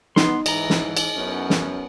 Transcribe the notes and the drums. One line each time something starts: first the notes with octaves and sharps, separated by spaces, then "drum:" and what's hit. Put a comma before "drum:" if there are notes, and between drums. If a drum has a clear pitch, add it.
B3 D#4 C6, drum: snare
G#2 E3 D#5 A#5, drum: cymbal
drum: snare
drum: cymbal
F#2 B3 C#4
drum: snare